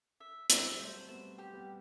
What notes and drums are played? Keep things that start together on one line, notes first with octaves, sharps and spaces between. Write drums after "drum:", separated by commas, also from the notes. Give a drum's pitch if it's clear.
E5
B3 E5, drum: hi-hat
C4
G3 B3
F#3 A3 C5
G3 B3 C5
G4
G3 B3